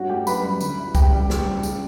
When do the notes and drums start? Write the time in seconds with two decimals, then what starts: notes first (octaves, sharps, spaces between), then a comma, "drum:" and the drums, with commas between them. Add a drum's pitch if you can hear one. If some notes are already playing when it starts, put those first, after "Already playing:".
Already playing: G2 C#4 F#4 F#5
0.10 A3 G4 G5
0.27 F#2 B4 B5, drum: tambourine
0.43 G3
0.60 D2, drum: tambourine
0.78 E3
0.95 C#3 G4 G5, drum: kick C2, tambourine
1.12 G3
1.30 C#3, drum: snare
1.47 G3
1.63 C#3, drum: tambourine